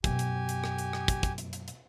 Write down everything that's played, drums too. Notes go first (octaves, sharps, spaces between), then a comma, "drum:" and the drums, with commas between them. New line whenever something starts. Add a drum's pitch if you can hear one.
F#2 B2 G4 G#5, drum: kick, hi-hat
drum: hi-hat
drum: hi-hat
drum: rim click
drum: hi-hat
drum: rim click
drum: kick, hi-hat
drum: kick, hi-hat
drum: hi-hat
drum: hi-hat
drum: hi-hat